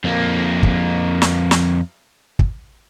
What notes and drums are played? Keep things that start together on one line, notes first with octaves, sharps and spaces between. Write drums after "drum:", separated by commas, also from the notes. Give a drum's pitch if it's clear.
F2 A#3
drum: kick
drum: snare
drum: snare
drum: kick